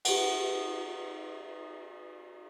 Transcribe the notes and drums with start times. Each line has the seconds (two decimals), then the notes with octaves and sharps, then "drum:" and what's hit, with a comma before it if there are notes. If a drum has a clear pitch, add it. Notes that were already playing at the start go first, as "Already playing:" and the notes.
0.05 G4 F#5, drum: cymbal